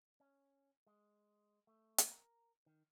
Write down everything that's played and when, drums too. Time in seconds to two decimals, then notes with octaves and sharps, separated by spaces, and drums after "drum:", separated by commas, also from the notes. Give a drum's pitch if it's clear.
0.20 C#4
0.87 G#3
1.67 A3
1.98 drum: hi-hat
2.11 A#4
2.66 D#3